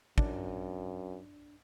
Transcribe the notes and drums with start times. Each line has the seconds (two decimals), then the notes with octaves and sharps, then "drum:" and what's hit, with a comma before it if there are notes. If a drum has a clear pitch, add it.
0.18 F#2 D4, drum: kick